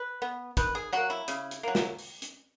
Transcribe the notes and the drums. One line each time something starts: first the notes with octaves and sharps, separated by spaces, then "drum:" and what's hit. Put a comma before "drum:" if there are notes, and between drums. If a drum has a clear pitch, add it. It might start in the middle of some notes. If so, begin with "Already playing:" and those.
Already playing: B4
B3
D#3 B4, drum: kick, hi-hat
G#4
F#3 A#3 F#4
E4
C#3, drum: hi-hat
drum: hi-hat
F#3 A#3
drum: snare
drum: open hi-hat
drum: hi-hat